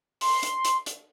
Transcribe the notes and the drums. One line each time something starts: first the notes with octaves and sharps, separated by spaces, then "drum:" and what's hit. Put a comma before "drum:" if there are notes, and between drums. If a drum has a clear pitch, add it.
C6, drum: open hi-hat
drum: hi-hat
drum: hi-hat
drum: hi-hat